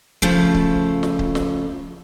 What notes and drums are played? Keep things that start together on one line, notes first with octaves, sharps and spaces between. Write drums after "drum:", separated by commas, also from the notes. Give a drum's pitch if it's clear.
C#3 F3 A3, drum: kick C#1
drum: kick C#1
drum: snare
drum: kick C#1
drum: snare